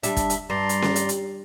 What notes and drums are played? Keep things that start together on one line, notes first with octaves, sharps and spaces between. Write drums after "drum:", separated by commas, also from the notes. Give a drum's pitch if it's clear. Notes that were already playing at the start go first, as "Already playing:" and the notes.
G3 D4 E5, drum: hi-hat
drum: kick, hi-hat
drum: hi-hat
G2 D5 A#5 C6
drum: hi-hat
drum: snare C#4
drum: hi-hat
drum: hi-hat